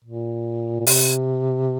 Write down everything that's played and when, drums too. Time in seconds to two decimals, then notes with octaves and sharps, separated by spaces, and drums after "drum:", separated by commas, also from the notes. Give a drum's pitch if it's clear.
0.04 A#2
0.80 A#2
0.87 C3, drum: open hi-hat